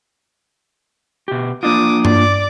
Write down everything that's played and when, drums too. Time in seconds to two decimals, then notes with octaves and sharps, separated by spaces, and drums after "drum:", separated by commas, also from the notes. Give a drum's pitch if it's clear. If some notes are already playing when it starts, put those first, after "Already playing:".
1.28 B2 G4
1.63 A#3 D4 F4 D6 D#6
2.05 D5 D6, drum: tom G2